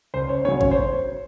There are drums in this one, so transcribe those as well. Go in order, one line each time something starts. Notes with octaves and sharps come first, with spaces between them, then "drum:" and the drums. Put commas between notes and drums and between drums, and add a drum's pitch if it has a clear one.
C#2 C5
C#5
C#3 F#3 C#5
C#5, drum: kick G#1
C5